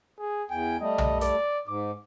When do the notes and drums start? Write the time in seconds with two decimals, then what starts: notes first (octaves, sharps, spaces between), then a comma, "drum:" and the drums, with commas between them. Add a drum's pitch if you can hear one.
0.19 G#4
0.50 E2 G5 G#5
0.81 G3 A3 D#5
0.98 drum: tom B1
1.21 D5, drum: hi-hat
1.67 G#2 D6